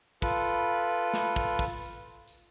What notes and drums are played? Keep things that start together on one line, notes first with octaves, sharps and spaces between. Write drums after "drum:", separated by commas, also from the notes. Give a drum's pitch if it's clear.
F4 A4 B4, drum: kick, tambourine
drum: tambourine
drum: tambourine
drum: snare
drum: kick, tambourine
drum: kick, tambourine
drum: tambourine
drum: tambourine